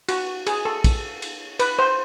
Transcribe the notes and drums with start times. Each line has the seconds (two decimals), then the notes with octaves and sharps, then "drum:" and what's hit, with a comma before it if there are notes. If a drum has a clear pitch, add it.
0.09 F#4, drum: cymbal
0.47 G#4, drum: cymbal
0.65 A4
0.84 drum: kick, cymbal
1.22 drum: cymbal
1.59 B4, drum: cymbal
1.79 C5